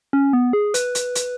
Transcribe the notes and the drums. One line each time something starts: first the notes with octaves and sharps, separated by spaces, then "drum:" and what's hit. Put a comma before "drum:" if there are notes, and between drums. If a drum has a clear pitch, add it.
C#4
B3
G#4
B4, drum: hi-hat
drum: hi-hat
drum: hi-hat